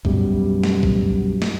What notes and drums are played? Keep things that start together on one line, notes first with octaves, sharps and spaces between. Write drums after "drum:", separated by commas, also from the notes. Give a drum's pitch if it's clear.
F#2 B2 G3, drum: kick A1
drum: snare
drum: kick A1
drum: snare